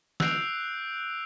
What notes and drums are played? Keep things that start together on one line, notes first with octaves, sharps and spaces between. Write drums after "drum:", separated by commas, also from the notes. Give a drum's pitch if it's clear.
E6 F#6 G6 C7 D7 F7, drum: snare